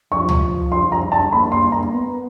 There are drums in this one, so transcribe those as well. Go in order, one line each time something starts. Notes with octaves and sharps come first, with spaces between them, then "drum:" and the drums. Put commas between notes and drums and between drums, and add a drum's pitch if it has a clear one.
F3 C#6
drum: tom C#2
C6
A#5
A5
A#3 B5
C6
A#5
B3